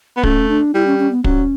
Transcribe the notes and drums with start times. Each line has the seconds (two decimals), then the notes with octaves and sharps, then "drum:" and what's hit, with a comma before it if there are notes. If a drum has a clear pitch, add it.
0.17 B3
0.23 A3 C#4, drum: kick
0.49 D4
0.74 G3 E4
0.87 C#4
0.99 C#4
1.11 B3
1.24 F#3 C#4, drum: kick